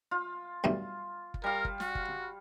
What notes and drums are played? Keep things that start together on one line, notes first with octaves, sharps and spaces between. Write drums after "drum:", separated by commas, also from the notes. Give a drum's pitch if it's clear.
F4
B1 G2 A3
drum: kick
G3 A#4 F5
drum: kick
F#4, drum: snare
drum: kick